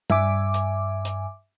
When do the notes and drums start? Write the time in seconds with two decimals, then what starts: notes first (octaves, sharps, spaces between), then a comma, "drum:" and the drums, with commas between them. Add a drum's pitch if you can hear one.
0.10 G2 E5 G#5 D6, drum: tom
0.54 drum: hi-hat
1.05 drum: hi-hat